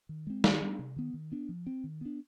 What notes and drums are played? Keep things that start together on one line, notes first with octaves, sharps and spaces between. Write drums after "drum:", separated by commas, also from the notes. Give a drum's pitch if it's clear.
D#3
G#3 C4
D#3, drum: snare
G3 B3 D4
C3
D#3 B3
D#3
B3 D4
F3
C4
D#3
B3 D4